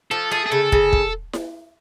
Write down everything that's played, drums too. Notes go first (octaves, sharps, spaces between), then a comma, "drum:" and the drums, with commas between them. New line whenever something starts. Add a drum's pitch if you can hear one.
F3 A4
A3 G#4
G#4
C#3 A4
C#3, drum: kick
drum: kick
drum: snare E4